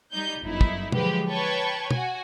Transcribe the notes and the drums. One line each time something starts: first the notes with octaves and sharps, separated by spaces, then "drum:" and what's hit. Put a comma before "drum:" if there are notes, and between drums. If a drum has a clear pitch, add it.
G3 D#4 G6
G1 F#2 D#4 E4
drum: kick
D3 F3 F#3 G#3 G4 B4, drum: tom
B4 C#5 G5 A5 C#6 G#6
F#4 G#5, drum: tom